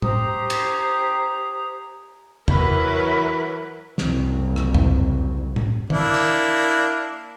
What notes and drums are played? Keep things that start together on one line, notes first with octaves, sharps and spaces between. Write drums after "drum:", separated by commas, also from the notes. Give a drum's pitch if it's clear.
G4 C5 A#5 D#6, drum: tom
drum: cymbal
E3 F#3 A#4 B4, drum: tom
F#1 C2 F2, drum: snare
drum: rim click
drum: tom
drum: tom
A#3 D4 E4, drum: tom
drum: cymbal